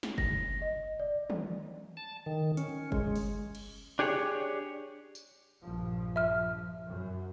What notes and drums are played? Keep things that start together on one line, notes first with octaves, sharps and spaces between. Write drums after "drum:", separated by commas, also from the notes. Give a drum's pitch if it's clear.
drum: snare
A#6, drum: kick F#1
D#5
D5
drum: tom
A5
D#3
C#4, drum: hi-hat
G#3, drum: kick F#1
drum: open hi-hat
drum: cymbal
D4 G4 G#4 C#5
drum: tambourine
A#1 G2 F3
E5 F6
F#2